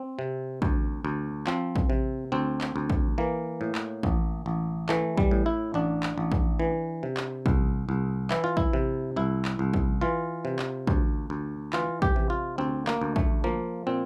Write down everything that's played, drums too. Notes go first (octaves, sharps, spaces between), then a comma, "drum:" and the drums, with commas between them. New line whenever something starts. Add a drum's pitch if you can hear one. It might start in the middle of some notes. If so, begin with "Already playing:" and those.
Already playing: C4
C3
D2, drum: kick
D2
F3 C4, drum: clap
drum: kick
C3
D2 C4
drum: clap
D2
drum: kick
E3 A#3
A2
drum: clap
A1, drum: kick
A1
E3 A3, drum: clap
G3, drum: kick
A2
E4
A1 D4
drum: clap
A1
drum: kick
E3
C3
drum: clap
C2, drum: kick
C2
E3 E4, drum: clap
F4
E4, drum: kick
C3
C2 E4
drum: clap
C2
drum: kick
E3 F4
C3
drum: clap
D2, drum: kick
D2
E3 F4, drum: clap
G4, drum: kick
C3
F4
D2 C4
A#3, drum: clap
D2
A3, drum: kick
F3 A#3
A#2 C4